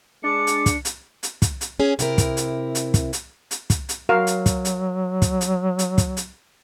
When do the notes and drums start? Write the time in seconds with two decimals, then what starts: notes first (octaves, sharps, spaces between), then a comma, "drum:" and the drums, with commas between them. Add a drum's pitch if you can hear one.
0.24 G#3 D4 D6 C#7
0.47 drum: hi-hat
0.66 drum: kick, hi-hat
0.85 drum: hi-hat
1.23 drum: hi-hat
1.42 drum: kick, hi-hat
1.61 drum: hi-hat
1.80 C#4 G#4
1.99 C3 E4 A#4, drum: hi-hat
2.18 drum: kick, hi-hat
2.37 drum: hi-hat
2.75 drum: hi-hat
2.94 drum: kick, hi-hat
3.13 drum: hi-hat
3.51 drum: hi-hat
3.70 drum: kick, hi-hat
3.89 drum: hi-hat
4.09 F#3 F#4 A#4 F5
4.27 drum: hi-hat
4.46 drum: kick, hi-hat
4.65 drum: hi-hat
5.22 drum: kick, hi-hat
5.41 drum: hi-hat
5.79 drum: hi-hat
5.98 drum: kick, hi-hat
6.17 drum: hi-hat